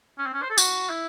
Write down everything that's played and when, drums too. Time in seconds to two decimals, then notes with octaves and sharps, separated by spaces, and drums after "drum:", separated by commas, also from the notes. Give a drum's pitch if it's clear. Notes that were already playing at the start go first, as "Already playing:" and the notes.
0.18 C#4
0.26 C4
0.33 C#4
0.42 C5
0.50 A4
0.58 F#4, drum: tambourine
0.90 E4